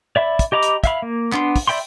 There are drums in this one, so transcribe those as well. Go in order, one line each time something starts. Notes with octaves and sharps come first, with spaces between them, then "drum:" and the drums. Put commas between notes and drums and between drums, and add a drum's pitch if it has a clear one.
D5 E5 B5
drum: kick, hi-hat
G4 D#5 A#5 B5 D6
drum: hi-hat
E5 F5 B5, drum: kick, hi-hat
A#3
B3 D4 C6, drum: clap
drum: kick, open hi-hat
D5 E5 G5 B5 C6